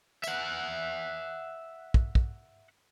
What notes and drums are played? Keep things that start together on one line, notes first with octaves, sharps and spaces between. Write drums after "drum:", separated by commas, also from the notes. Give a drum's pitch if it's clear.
E5 F#5, drum: tambourine
drum: kick
drum: kick